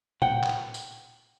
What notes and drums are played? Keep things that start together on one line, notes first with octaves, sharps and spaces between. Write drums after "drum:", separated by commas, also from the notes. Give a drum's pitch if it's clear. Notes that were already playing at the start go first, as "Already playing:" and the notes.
F#5 G5, drum: tom A#2
drum: clap
drum: tambourine